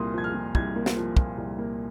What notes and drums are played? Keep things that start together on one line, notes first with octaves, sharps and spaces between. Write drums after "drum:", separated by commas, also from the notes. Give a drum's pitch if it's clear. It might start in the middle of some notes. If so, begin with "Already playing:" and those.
Already playing: C2 A#2 A#3 C6 D#6
F3 G#6
F6
A#2
C2 G#6, drum: kick
A#3
drum: snare
F3
A#2, drum: kick
C2
A#3